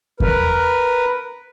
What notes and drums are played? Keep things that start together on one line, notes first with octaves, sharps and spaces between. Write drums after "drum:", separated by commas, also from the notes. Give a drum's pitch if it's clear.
A#4 B4, drum: kick E2